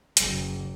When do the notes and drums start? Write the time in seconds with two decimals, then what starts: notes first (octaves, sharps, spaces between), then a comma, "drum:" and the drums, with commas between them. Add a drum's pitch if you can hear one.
0.17 F#1, drum: hi-hat